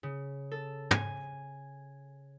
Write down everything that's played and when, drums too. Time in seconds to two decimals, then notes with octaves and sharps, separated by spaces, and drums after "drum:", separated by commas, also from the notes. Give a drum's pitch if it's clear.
0.03 C#3
0.51 A4
0.91 G#5, drum: tom